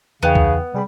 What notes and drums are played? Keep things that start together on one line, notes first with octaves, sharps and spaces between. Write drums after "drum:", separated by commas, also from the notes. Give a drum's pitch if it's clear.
E2 C#3 B3 D#4 G5
drum: kick C#2
C3 G3 G#4 B5